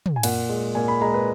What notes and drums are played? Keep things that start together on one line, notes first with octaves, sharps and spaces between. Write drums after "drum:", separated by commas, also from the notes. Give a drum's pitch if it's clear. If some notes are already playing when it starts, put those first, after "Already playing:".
drum: tom
G#5
A#2 F#5, drum: cymbal
G#3
A#2 G#5
B5
G#3 A#5
B4